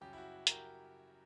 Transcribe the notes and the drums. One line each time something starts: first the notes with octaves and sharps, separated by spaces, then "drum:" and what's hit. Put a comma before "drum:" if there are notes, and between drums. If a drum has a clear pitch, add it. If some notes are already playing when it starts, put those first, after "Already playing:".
F#2 C#3 G3 G4
E4
F#4
A#4, drum: hi-hat
G4